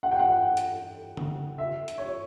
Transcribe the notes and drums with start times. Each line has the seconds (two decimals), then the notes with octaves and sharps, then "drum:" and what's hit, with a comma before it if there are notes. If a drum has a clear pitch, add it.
0.03 F#5
0.11 G5
0.19 F#5
0.57 drum: hi-hat
1.17 drum: tom C#3
1.58 E5
1.88 drum: hi-hat
1.98 C#5